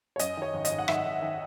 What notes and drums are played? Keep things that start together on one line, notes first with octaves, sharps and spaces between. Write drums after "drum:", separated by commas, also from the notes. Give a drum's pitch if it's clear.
C#5
F#2 D#5, drum: hi-hat
D#3 C#5
G#1
D#5, drum: hi-hat
G#1
F#5
G#1 E5, drum: rim click
G#1
D#3